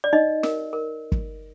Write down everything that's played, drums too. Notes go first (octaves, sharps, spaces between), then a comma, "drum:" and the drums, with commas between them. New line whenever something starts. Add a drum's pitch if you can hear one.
D5
D#4 D#5
A#4, drum: snare
A#4
drum: kick